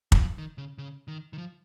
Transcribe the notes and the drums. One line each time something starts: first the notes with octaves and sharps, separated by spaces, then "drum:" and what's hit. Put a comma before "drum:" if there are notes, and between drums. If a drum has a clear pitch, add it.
F#3, drum: kick
F3
D#3
C#3
C#3
D#3
D#3
F3